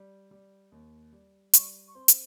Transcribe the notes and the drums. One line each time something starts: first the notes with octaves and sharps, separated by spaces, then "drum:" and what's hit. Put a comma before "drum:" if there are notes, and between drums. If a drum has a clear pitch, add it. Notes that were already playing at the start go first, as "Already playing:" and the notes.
Already playing: G3
G3
D#2
G3
G3 C#6, drum: hi-hat
C#6
C4 C6
drum: hi-hat